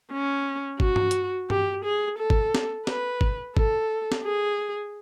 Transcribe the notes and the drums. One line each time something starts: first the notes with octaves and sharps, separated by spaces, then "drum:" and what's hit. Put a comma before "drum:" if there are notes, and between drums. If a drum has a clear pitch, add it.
C#4
F#4, drum: kick
drum: tom G2
drum: hi-hat
G4, drum: tom G2
G#4
A4
drum: kick
drum: snare
B4, drum: snare
drum: kick
A4, drum: kick
drum: snare
G#4